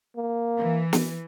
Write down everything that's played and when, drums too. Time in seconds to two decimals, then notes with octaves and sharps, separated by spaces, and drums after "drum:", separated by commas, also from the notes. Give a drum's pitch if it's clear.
0.16 A#3
0.58 E3
0.93 drum: snare